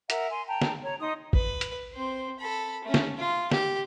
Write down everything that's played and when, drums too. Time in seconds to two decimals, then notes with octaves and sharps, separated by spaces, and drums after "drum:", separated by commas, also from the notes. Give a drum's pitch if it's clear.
0.10 A#4 E5 F#5 A#5, drum: hi-hat
0.29 G#5 C6
0.48 G5 A5 A#5
0.61 drum: snare
0.83 C#5 A#5
1.00 D#4 D#5 C6 D#6
1.33 B4, drum: kick
1.61 drum: hi-hat
1.93 C4 C5
2.39 A4 B5
2.84 A3 C#4
2.94 drum: snare
3.17 F4
3.51 G4, drum: snare